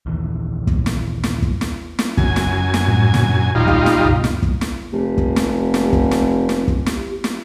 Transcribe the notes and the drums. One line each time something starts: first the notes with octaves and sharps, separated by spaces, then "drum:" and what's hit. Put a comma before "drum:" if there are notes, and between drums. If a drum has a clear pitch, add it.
A#1 D#2 E3
drum: kick
drum: snare
drum: snare
drum: kick
drum: snare
drum: snare
F#1 F#2 D3 C#4 G#5, drum: kick
drum: snare
drum: snare
A2 G3 C4
G2 A#2 D3, drum: snare
D#1 G3 D#4 F4
drum: kick
drum: snare
C#2 G2 B2
drum: snare
drum: kick
drum: snare
F1 G4
drum: kick
drum: snare
drum: snare
drum: kick
drum: snare
drum: snare
drum: kick
drum: snare
drum: snare